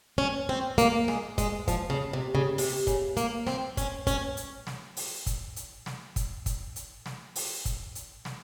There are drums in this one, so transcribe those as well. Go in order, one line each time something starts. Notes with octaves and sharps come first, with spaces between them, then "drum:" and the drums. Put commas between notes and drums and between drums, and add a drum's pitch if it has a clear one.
C#4
C4
A#3, drum: hi-hat
G#3, drum: snare
G#3, drum: kick, hi-hat
F3, drum: kick, hi-hat
C#3
C3
C#3
C3, drum: open hi-hat
C#3, drum: kick, hi-hat
A#3, drum: hi-hat
C4, drum: snare
C#4, drum: kick, hi-hat
C#4, drum: kick, hi-hat
drum: hi-hat
drum: snare
drum: open hi-hat
drum: kick, hi-hat
drum: hi-hat
drum: snare
drum: kick, hi-hat
drum: kick, hi-hat
drum: hi-hat
drum: snare
drum: open hi-hat
drum: kick, hi-hat
drum: hi-hat
drum: snare